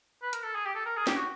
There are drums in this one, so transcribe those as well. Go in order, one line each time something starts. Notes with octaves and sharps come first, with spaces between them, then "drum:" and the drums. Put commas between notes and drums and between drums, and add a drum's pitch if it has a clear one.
B4
A#4, drum: hi-hat
A4
G#4
G4
A4
A#4
G#4
G4, drum: snare
F#4